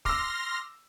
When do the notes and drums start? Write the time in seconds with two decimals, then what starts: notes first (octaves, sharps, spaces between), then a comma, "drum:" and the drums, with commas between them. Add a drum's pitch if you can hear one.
0.05 C6 D6 E6 F6 A#6, drum: kick